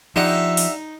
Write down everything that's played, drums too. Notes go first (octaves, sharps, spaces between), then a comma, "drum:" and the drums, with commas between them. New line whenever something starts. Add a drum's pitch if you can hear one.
F3 D4 D#4 G4 E5 F#5
drum: open hi-hat